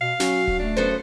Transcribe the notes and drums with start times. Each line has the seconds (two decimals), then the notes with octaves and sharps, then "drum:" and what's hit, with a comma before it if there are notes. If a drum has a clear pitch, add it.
0.01 B2 F5
0.20 F#3 C#4, drum: snare
0.47 drum: kick D#1
0.59 A3 D4
0.77 F#2 B3 A4 C5